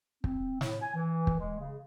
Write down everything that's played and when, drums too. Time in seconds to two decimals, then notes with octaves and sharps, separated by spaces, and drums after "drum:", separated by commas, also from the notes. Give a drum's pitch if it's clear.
0.24 C4, drum: kick
0.61 A2, drum: snare
0.82 G#5
0.95 E3
1.27 drum: kick
1.40 G#3
1.60 C#3